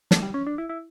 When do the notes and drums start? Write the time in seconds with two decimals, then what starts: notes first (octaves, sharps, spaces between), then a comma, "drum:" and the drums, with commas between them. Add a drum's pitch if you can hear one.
0.11 A3, drum: snare
0.23 G3
0.34 C#4
0.47 D4
0.58 E4
0.69 E4